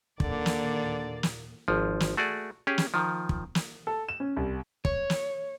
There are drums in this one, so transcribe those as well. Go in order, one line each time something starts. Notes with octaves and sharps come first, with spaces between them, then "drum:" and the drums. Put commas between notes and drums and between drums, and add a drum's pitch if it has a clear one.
D#2 A#2 D3 A#3 D5, drum: kick
drum: snare
drum: snare
G#1 F3
drum: snare
A3 F#4 G#4 D5
C#4 G4 G#4
drum: snare
D#3 F3
drum: kick
drum: snare
A4
E7
C#4
C2
C#5, drum: kick
drum: snare